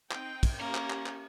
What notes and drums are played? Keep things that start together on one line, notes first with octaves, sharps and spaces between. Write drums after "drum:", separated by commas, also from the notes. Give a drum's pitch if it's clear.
C4 D#4 G5, drum: clap
drum: kick, cymbal
A#3 C#4 G4
drum: clap
drum: clap
drum: clap